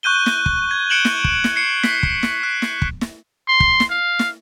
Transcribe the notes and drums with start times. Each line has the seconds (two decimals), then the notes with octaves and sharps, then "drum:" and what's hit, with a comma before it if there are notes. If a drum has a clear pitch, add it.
0.03 C#6 F#6 G6 D#7 G7
0.26 drum: snare
0.46 drum: kick
0.71 G#6
0.90 F#6 C#7 D7 E7 F#7 G7
1.05 drum: snare
1.24 drum: kick
1.44 drum: snare
1.56 C7 C#7
1.83 B6, drum: snare
2.03 drum: kick
2.23 drum: snare
2.43 F#6
2.62 drum: snare
2.82 drum: kick
3.01 drum: snare
3.48 C6
3.60 drum: kick
3.80 drum: snare
3.90 F5
4.19 drum: snare